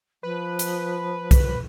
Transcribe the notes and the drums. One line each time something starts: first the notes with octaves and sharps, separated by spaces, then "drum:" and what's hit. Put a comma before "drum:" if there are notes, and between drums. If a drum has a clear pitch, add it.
F3 B4
drum: hi-hat
drum: kick, hi-hat